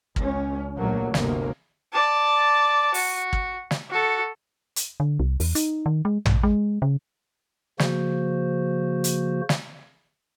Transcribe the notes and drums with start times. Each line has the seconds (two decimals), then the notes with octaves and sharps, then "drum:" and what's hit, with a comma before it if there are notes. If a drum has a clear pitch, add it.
0.16 C#2 C#4, drum: kick
0.77 A#1 F#3 A3 A#3
1.14 G1 D2 C3 A#3, drum: snare
1.92 D5 A5
2.94 F#4, drum: open hi-hat
3.33 drum: kick
3.71 drum: snare
3.90 F#4 A4
4.76 drum: hi-hat
5.00 D3
5.20 C2
5.40 E2, drum: open hi-hat
5.55 D#4, drum: hi-hat
5.86 D#3
6.05 G#3
6.26 G#2, drum: tom
6.43 G#3
6.82 C#3
7.79 C#3 F3 A#3 F#4 C5, drum: snare
9.04 drum: hi-hat
9.49 drum: snare